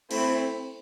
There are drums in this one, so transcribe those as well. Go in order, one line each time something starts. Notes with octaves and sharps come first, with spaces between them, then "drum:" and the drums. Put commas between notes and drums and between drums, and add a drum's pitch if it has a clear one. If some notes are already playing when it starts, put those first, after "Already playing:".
A3 C4 E4, drum: cymbal